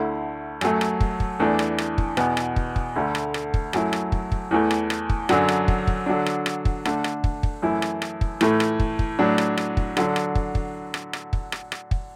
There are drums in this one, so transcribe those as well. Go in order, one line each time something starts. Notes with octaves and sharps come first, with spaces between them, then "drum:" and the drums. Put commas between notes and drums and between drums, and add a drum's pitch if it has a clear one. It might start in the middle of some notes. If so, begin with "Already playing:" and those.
Already playing: D2 D3 A3 E4
F#2 F#3 A3, drum: rim click
drum: rim click
drum: kick
drum: kick
E2 E3 A3 D4
drum: rim click
drum: rim click
drum: kick
E2 B2 B3, drum: rim click
drum: rim click
drum: kick
drum: kick
D2 D3 A3
drum: rim click
drum: rim click
drum: kick
F#2 F#3 A3 E4, drum: rim click
drum: rim click
drum: kick
drum: kick
E2 E3 A3
drum: rim click
drum: rim click
drum: kick
F#2 D3 F#3 D4, drum: rim click
drum: rim click
drum: kick
drum: kick
D3 F#3 D4
drum: rim click
drum: rim click
drum: kick
D3 A3 D4, drum: rim click
drum: rim click
drum: kick
drum: kick
F#2 E3 A3 E4
drum: rim click
drum: rim click
drum: kick
A2 E3 A3, drum: rim click
drum: rim click
drum: kick
drum: kick
A2 F#3 D4
drum: rim click
drum: rim click
drum: kick
D3 F#3 D4, drum: rim click
drum: rim click
drum: kick
drum: kick
drum: rim click
drum: rim click
drum: kick
drum: rim click
drum: rim click
drum: kick